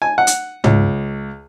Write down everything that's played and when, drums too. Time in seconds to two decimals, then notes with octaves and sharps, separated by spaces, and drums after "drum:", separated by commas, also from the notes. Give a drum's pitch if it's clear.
0.02 G#5
0.18 F#5
0.27 drum: hi-hat
0.64 C#2, drum: tom